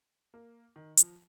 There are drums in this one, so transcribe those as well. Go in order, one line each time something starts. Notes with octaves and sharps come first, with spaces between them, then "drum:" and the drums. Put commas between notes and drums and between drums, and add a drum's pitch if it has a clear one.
A#3
D#3
F3, drum: hi-hat